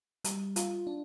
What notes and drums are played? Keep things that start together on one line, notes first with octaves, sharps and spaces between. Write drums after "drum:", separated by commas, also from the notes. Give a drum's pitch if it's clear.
G3, drum: hi-hat
F4, drum: hi-hat
D4